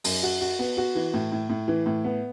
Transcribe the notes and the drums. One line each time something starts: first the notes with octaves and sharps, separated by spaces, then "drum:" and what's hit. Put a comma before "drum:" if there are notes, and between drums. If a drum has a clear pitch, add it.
F#2, drum: open hi-hat
F#4
F#4
B3
F#4
E3
A2
A2
A2
E3
A2
B3